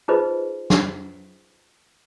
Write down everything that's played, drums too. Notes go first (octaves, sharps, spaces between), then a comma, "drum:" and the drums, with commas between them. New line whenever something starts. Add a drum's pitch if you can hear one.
D#4 F4 G#4 B4 C5 D#5
drum: snare